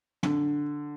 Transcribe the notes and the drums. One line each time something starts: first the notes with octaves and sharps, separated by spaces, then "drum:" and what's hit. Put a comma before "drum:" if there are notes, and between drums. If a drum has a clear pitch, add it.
D3, drum: tom